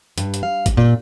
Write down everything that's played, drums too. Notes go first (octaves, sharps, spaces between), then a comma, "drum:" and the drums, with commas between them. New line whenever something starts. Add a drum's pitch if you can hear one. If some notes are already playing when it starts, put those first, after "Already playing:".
G2, drum: hi-hat
drum: hi-hat
F5
drum: kick G1, hi-hat
A#2